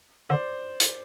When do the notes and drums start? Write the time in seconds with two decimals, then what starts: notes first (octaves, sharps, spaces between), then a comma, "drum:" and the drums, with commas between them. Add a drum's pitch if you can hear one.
0.29 D3 C5 D5
0.80 drum: hi-hat